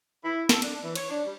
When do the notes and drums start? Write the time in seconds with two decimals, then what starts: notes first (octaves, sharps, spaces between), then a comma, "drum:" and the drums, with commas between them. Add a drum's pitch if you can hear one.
0.24 E4
0.49 A4, drum: snare
0.62 D4, drum: cymbal
0.83 E3
0.95 C#5, drum: cymbal
1.09 D4
1.25 G3